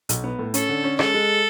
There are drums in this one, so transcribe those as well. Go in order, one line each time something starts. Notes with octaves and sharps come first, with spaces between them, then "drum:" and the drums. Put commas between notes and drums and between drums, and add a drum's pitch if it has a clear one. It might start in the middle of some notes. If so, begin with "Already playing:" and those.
B1, drum: hi-hat
B3
A2
C#4 A4, drum: hi-hat
D3
C#4
G#3 A4, drum: rim click
G#3